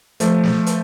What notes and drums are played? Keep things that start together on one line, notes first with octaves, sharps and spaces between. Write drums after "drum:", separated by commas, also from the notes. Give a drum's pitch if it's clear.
F3 A3, drum: hi-hat
drum: snare
drum: hi-hat